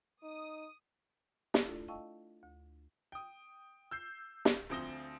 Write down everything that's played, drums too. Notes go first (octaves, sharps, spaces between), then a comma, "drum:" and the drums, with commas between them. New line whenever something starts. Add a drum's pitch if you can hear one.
D#4 D#6
drum: snare
A3 D4 E4 F4 A4 D5
D#5 F5 G5 A5 C#6 E6
D2
G5 D#6
E6 G6 C7
drum: snare
D2 F3 C4 D#6 A#6 G7